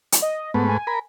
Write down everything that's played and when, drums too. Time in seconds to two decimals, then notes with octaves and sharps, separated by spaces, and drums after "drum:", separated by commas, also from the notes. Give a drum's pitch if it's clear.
0.12 drum: hi-hat
0.22 D#5
0.54 G#2 A3 B3 B4
0.69 G#5
0.87 A#4 B5